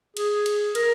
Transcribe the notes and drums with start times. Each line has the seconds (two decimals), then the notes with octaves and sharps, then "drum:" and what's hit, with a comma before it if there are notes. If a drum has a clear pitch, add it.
0.17 G#4, drum: cymbal
0.46 drum: cymbal
0.75 A#4, drum: cymbal